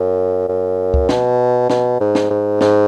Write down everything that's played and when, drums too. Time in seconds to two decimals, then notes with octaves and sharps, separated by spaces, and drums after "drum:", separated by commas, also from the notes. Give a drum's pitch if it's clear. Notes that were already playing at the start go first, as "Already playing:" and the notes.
Already playing: F#2
0.48 F#2
0.94 drum: kick C#2
1.09 B2, drum: snare
1.70 B2, drum: snare
2.00 G#2
2.15 drum: snare
2.30 G#2
2.61 G#2, drum: snare